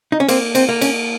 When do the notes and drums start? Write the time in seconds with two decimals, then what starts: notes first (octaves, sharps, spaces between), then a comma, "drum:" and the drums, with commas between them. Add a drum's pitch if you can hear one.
0.12 D#4
0.20 C#4
0.28 A#3 C4, drum: cymbal
0.55 C4, drum: cymbal
0.69 A#3
0.81 C#4, drum: cymbal